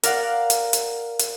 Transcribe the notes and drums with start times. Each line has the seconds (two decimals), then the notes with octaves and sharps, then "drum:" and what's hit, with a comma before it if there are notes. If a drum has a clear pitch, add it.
0.03 A#4 D5 F5 F#5, drum: hi-hat
0.50 drum: hi-hat
0.73 drum: hi-hat
1.19 drum: hi-hat